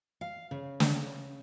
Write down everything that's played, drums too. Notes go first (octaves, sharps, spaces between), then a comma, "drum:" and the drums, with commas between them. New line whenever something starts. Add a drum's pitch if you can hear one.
F5
C#3
drum: snare